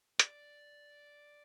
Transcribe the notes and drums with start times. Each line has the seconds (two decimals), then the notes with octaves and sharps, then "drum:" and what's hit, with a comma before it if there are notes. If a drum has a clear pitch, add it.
0.19 D5, drum: hi-hat